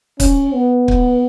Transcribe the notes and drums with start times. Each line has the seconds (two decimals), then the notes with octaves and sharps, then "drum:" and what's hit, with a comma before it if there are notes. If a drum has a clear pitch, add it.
0.20 C#4, drum: kick, hi-hat
0.54 B3
0.88 drum: kick